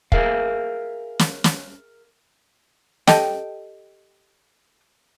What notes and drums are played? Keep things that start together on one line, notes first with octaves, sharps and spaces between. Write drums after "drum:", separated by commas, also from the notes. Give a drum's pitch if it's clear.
G#4 A#4 E5 F5, drum: kick
drum: snare
drum: snare
G4 A4 D#5 G5, drum: snare